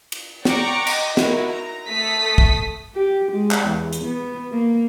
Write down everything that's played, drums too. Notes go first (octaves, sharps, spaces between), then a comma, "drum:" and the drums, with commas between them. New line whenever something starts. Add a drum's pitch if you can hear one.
drum: cymbal
D5 F#5 G5 A#5 C#6 D6, drum: snare
D#5, drum: cymbal
D#4 E4 F#4 A#4 D#5, drum: snare
A#5
A3 A4 D#6 B6
drum: kick
G4
G#3
drum: clap
E2
drum: hi-hat
B3
A#3